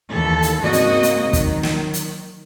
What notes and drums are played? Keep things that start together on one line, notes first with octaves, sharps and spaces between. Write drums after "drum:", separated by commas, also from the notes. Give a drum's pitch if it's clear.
D#2 E3 A4
drum: hi-hat
G#2 C#3 A#3 C4 F#4 D#5
drum: hi-hat
drum: hi-hat
D#3 F#3, drum: kick, hi-hat
drum: snare
drum: hi-hat